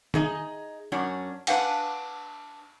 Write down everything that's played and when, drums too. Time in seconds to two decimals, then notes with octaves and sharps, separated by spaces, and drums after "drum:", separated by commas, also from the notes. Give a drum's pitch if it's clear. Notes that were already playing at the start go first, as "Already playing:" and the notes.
0.14 D#4 G#4 D#5, drum: tom
0.92 F#2 C#4 D4 F#4
1.47 D4 B4 F5 F#5 G#5, drum: cymbal